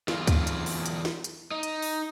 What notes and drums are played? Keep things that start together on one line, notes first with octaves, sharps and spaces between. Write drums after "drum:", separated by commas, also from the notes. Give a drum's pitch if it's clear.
E2 F4, drum: snare
drum: kick D2, hi-hat
drum: hi-hat
drum: open hi-hat
drum: hi-hat
drum: snare
drum: hi-hat
D#4
drum: hi-hat
drum: open hi-hat